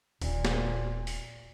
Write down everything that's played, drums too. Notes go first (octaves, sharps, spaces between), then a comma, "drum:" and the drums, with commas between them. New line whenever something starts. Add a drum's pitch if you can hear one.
D#1 A#2, drum: open hi-hat
drum: snare
drum: open hi-hat